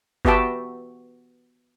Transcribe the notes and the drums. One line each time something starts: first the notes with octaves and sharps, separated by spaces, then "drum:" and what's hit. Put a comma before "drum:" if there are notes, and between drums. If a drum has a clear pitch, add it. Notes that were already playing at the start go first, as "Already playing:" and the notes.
B3 F#4 G4 E5 G5 A5, drum: kick G1